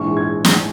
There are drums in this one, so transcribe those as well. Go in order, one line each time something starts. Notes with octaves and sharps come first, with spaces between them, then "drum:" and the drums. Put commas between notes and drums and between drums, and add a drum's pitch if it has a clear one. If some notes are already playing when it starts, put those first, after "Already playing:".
Already playing: A#1 G#2 E3 C#6
G#6
drum: snare